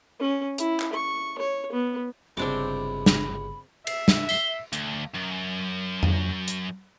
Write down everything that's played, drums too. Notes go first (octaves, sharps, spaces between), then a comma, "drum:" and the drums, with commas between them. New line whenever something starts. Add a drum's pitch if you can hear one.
C#4
E4, drum: hi-hat
drum: clap
C#6
C#5
B3
G1 C#2 C3 C4 D4 B5 D6
drum: snare
E5 C7, drum: cymbal
drum: snare
B6 C7 G7, drum: tambourine
D2, drum: hi-hat
F#2
drum: tom F2
drum: hi-hat